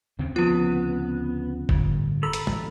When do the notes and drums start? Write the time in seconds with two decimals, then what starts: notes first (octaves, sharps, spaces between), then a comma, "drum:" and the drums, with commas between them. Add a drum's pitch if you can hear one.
0.19 D2 C#3 C4
0.36 F3 B3 F4
1.69 G1 A2, drum: kick F#1
2.23 A4 A#5 B5 E6
2.33 drum: hi-hat
2.47 A1, drum: tom